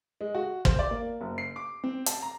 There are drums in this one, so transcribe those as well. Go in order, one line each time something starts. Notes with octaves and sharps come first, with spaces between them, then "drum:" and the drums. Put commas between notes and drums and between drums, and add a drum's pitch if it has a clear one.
G#3
F#4
C5, drum: kick
D5
A#3
F#1
C7
D6
C4
A5, drum: hi-hat
A#5